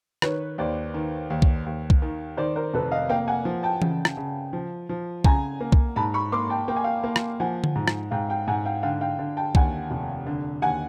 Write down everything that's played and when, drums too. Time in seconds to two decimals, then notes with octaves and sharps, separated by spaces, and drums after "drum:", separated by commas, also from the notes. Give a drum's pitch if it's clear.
0.22 D#3 B4 C#5, drum: rim click
0.58 D#2 C5 D5
0.94 D#3
1.30 D#2
1.42 drum: kick
1.66 D#2
1.90 drum: kick
2.02 D#3
2.37 D#3 C5 D5
2.56 A#4 C5
2.73 F1 A4 B4
2.91 D#5 F5
3.09 A#3 F5 G5
3.28 F#5 G#5
3.45 F3
3.63 G5 A5
3.82 C#3, drum: tom E3
4.05 drum: rim click
4.17 C#3
4.53 F3
4.89 F3
5.24 C#3 G#5 A#5, drum: kick
5.60 A#3
5.72 drum: kick
5.96 G#2 A5 B5
6.14 B5 C#6
6.32 A#3 C6 D6
6.50 G5 A5
6.68 A#3 G5
6.76 G#5
6.84 F5 G5
7.04 A#3
7.16 drum: rim click
7.40 F3 F#5 G#5
7.64 drum: tom D3
7.75 G#2
7.88 drum: rim click
8.11 G#2 F5 G5
8.29 F5 G5
8.48 G#2 F#5 G#5
8.65 F5 G5
8.83 D3 F5 G5
9.01 F5 G5
9.19 D3
9.37 G5 A5
9.55 D#2 F#5 G#5, drum: kick
9.90 F1
10.27 D3
10.62 D#2 F#5 G#5